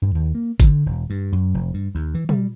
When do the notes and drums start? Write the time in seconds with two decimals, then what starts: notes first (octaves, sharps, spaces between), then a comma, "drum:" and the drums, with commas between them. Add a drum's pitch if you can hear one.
0.02 G2
0.15 D#2
0.35 A#3
0.60 D3, drum: kick, tambourine
0.86 E1
1.10 G2
1.32 F#2
1.54 F1
1.74 G2
1.95 D#2
2.14 E3
2.29 G3, drum: tom